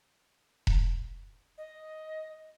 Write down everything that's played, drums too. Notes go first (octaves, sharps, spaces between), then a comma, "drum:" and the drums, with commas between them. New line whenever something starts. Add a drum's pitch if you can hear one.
drum: kick E1
D#5